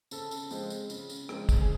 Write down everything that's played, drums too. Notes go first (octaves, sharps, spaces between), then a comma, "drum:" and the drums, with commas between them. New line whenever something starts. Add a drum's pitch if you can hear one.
C#3 A4, drum: tambourine
drum: tambourine
F3 G#3 C4, drum: tambourine
drum: tambourine
C#3, drum: tambourine
drum: tambourine
F3 G#3 C4, drum: rim click
drum: kick, tambourine
G#4